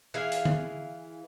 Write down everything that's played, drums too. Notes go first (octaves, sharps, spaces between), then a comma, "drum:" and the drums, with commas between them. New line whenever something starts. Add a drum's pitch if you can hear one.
E3 G#4 F5
drum: hi-hat
drum: tom D3